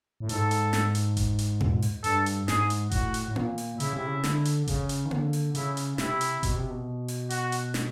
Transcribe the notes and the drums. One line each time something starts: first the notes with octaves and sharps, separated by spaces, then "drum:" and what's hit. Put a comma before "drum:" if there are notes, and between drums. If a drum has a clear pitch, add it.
A2
G#2 A4, drum: hi-hat
drum: hi-hat
drum: snare
drum: hi-hat
drum: kick F#1, hi-hat
drum: hi-hat
drum: tom
drum: open hi-hat
G2 A4, drum: hi-hat
drum: hi-hat
G#2 G#4, drum: snare
drum: hi-hat
A2 F#4, drum: kick F#1, hi-hat
drum: hi-hat
A2
A#2, drum: tom A#3
drum: open hi-hat
C#3 E4, drum: hi-hat
C3
C#3
D3, drum: snare
drum: hi-hat
C#3, drum: kick F#1, hi-hat
drum: hi-hat
D#3
D3, drum: tom A#3
drum: open hi-hat
C#3 E4, drum: hi-hat
drum: hi-hat
C3 E4, drum: snare
drum: hi-hat
B2, drum: kick F#1, hi-hat
C3
B2
drum: open hi-hat
F#4, drum: hi-hat
drum: hi-hat
drum: snare